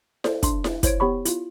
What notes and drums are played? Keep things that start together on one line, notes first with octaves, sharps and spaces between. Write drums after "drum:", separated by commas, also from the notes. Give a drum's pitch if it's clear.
A4 C5 D5, drum: snare E4
D4 C6, drum: kick, hi-hat
drum: snare E4
E4 C5 C#5 G#6 D7, drum: kick, hi-hat
B3 G4 C#5 B5 C#6
E4 F4, drum: hi-hat